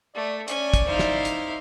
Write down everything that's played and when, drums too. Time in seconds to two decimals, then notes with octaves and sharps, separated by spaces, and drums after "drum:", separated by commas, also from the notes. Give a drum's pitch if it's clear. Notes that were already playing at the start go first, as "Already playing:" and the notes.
0.15 A3 D5
0.48 C#4 D5 G#5, drum: hi-hat
0.74 drum: kick, hi-hat
0.86 D#4 E4 C5 F5
0.99 drum: snare
1.25 drum: hi-hat